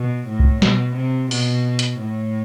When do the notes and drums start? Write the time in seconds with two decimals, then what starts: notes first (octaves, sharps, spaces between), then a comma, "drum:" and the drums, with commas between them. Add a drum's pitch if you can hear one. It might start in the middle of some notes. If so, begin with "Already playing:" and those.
Already playing: B2
0.27 A2
0.40 drum: kick C2
0.62 B2, drum: snare
0.96 C3
1.31 B2, drum: open hi-hat
1.79 drum: hi-hat
2.00 A2